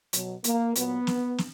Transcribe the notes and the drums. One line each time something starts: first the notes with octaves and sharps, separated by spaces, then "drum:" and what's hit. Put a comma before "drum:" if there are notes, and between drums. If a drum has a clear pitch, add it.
B2 F#3, drum: hi-hat
A#3, drum: hi-hat
A#2 F#3 B3, drum: hi-hat
drum: snare
drum: snare